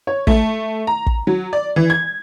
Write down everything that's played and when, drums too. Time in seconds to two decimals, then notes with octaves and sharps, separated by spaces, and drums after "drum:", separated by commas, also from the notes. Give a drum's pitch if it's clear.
0.07 C#5
0.27 A3, drum: kick
0.87 A#5
1.06 drum: kick
1.27 F#3
1.53 D5
1.76 E3
1.90 G#6